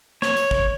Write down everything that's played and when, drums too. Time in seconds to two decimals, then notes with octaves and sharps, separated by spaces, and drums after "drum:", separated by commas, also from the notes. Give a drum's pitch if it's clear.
0.22 C#5, drum: snare
0.37 drum: tambourine
0.51 drum: kick